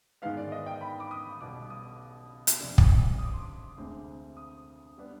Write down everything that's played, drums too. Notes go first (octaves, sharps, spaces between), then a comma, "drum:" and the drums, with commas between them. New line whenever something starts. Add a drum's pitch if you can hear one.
G#2 D#3 G#3 B3 F5
D5
D#5
G5
B5
D6
D#6
B1 B2 G3 D6
D#6
drum: hi-hat
F2 C3 G3 D4
drum: kick
D#6
D6
C6
D6
D2 D3 G#3 C4
D#6
G3 B3 D4